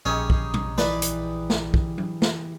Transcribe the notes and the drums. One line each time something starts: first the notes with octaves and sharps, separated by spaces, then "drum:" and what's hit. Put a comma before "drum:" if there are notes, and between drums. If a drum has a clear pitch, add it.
A#1 G3 C#4 D#4 G#4
drum: kick
drum: tom A#2
E3 B4 D5, drum: snare
drum: hi-hat
drum: snare
drum: kick
drum: tom F#3
drum: snare